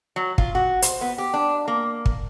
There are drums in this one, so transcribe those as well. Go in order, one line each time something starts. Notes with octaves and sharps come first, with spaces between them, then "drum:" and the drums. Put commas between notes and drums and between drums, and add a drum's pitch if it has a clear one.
F#3
F4, drum: kick
F#4
C5, drum: hi-hat
B3
G4
D4
A#3
drum: kick